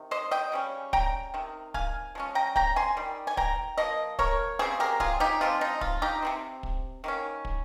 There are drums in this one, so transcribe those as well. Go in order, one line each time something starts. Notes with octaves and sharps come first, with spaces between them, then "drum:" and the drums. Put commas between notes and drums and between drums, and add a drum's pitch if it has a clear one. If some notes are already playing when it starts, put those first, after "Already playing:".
Already playing: C3 D#3
C5 D#5
D#5 G5
C#3 G3 C#4
G5 A#5, drum: kick
C3 D#3
F5 G#5, drum: kick
F3 G#3 C#4
G5 A#5
G5 A#5, drum: kick
G#5 C6
D#3 G3
G#5
G5 A#5, drum: kick
F3 A#3 D#5
A#4 C#5, drum: kick
C#3 G3 C4 G#4 C5
G4 A#4
F4 G#4, drum: kick
D#4 G4
F3 G#3 C4 F4
D#4
F4, drum: kick
D#4 G4
C3 F3 C4
drum: kick
D#3 A#3 C#4
drum: kick